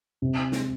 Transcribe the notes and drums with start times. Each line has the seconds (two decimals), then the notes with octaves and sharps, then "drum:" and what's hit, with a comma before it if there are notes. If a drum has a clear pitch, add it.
0.22 C3
0.52 drum: snare